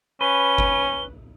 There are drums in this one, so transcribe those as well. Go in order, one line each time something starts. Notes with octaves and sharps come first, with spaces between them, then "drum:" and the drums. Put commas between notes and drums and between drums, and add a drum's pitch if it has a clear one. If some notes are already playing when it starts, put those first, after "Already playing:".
C#4 B4 G7
drum: kick G1